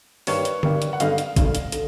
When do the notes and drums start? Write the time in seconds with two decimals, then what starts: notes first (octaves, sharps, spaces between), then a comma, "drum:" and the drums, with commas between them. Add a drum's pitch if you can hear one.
0.27 G2 D#3 G3 A#3 B4 C#5, drum: open hi-hat
0.45 drum: hi-hat
0.63 G2 D#3 G3 A#3, drum: tom D3
0.82 drum: hi-hat
0.93 F#5
1.00 G#1 G2 D3 D#5 F5, drum: hi-hat
1.18 drum: hi-hat
1.36 G#1 G2 D3, drum: kick G#1, hi-hat
1.55 drum: hi-hat
1.72 D3, drum: hi-hat